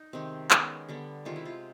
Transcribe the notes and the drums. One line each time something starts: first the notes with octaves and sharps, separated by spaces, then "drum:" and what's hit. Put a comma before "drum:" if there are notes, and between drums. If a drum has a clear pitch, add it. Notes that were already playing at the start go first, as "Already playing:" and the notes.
Already playing: D#4
C3 D#3 G#3 C4
D#3 G#3 B3 C#4, drum: clap
D3 G3 B3
C3 D#3 G#3 F4
E4
F4